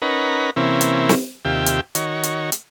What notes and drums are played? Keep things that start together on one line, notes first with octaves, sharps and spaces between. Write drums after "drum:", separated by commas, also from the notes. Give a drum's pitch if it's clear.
C#4 D#4 A#4 B4 F#5
C3 E3 A#3 C4 C#4 E4
drum: hi-hat
drum: snare
D#2 C3 F4 G4 E5 G5
drum: hi-hat
D#3 F#4 C#5, drum: hi-hat
drum: hi-hat
drum: hi-hat